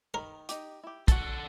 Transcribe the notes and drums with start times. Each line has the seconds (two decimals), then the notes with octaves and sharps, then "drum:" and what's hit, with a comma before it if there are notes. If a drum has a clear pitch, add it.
0.14 D#3 A#4 B5
0.49 D#4 G4, drum: hi-hat
0.84 E4 G4
1.08 F#4 A4 F#5 A5, drum: kick, hi-hat